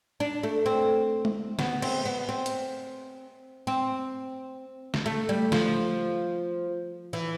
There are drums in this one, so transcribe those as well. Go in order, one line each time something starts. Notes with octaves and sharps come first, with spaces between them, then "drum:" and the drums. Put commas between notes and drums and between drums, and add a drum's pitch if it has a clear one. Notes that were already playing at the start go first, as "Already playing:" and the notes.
D4
A3
C4
drum: tom G#3
B3, drum: snare
C4, drum: cymbal
B3
C4
drum: hi-hat
C4
drum: snare
A3
G3
F3, drum: snare
E3